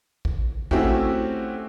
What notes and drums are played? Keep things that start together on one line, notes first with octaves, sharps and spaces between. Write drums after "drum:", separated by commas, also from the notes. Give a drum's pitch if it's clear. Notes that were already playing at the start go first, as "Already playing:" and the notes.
drum: kick
A3 C4 C#4 E4 F#4 G4, drum: kick